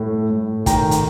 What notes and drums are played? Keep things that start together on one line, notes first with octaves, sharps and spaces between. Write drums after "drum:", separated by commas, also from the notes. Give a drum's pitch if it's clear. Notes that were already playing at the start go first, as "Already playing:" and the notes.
Already playing: A2
A2
D#3 G5 A#5, drum: kick, hi-hat
drum: hi-hat